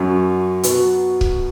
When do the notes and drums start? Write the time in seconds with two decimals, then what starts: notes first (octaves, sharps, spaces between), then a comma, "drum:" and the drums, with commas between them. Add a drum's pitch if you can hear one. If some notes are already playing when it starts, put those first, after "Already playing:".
Already playing: F#2 F#3 C#4
0.63 B2 F#3 B3 F#4, drum: hi-hat
1.21 drum: kick C#1